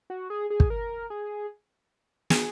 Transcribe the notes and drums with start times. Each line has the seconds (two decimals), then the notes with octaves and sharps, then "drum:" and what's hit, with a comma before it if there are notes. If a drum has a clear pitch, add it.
0.10 F#4
0.30 G#4
0.50 G#4
0.60 drum: kick
0.70 A#4
1.10 G#4
2.30 G#4, drum: snare